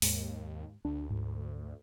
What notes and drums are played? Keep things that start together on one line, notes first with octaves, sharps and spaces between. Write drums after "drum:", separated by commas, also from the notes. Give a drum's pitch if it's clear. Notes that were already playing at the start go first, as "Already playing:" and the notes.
D#2 G#2, drum: open hi-hat
D2 D4
G#2